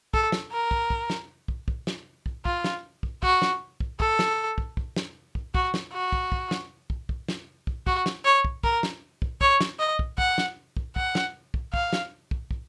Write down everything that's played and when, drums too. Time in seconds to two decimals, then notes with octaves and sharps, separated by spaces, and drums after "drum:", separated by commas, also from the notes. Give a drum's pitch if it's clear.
0.14 A4, drum: kick
0.32 drum: snare
0.52 A#4
0.71 drum: kick
0.90 drum: kick
1.10 drum: snare
1.48 drum: kick
1.68 drum: kick
1.87 drum: snare
2.26 drum: kick
2.45 F4, drum: kick
2.64 drum: snare
3.03 drum: kick
3.23 F#4, drum: kick
3.42 drum: snare
3.80 drum: kick
4.00 A4, drum: kick
4.19 drum: snare
4.58 drum: kick
4.77 drum: kick
4.96 drum: snare
5.35 drum: kick
5.55 F#4, drum: kick
5.74 drum: snare
5.93 F#4
6.12 drum: kick
6.32 drum: kick
6.51 drum: snare
6.90 drum: kick
7.09 drum: kick
7.28 drum: snare
7.67 drum: kick
7.87 F#4, drum: kick
8.06 drum: snare
8.25 C#5
8.45 drum: kick
8.64 A#4, drum: kick
8.83 drum: snare
9.22 drum: kick
9.41 C#5, drum: kick
9.61 drum: snare
9.79 D#5
9.99 drum: kick
10.18 F#5, drum: kick
10.38 drum: snare
10.77 drum: kick
10.96 F#5, drum: kick
11.15 drum: snare
11.54 drum: kick
11.74 F5, drum: kick
11.93 drum: snare
12.31 drum: kick
12.51 drum: kick